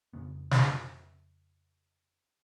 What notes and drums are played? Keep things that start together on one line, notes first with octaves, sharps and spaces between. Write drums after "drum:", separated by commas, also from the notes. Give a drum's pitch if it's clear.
F2 C#3 B3
drum: snare